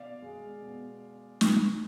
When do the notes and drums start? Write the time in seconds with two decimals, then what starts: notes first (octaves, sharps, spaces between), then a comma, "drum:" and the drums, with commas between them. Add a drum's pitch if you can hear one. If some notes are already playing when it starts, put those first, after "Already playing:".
Already playing: B2 D5 F5
0.22 G#3
0.62 B2
1.41 drum: snare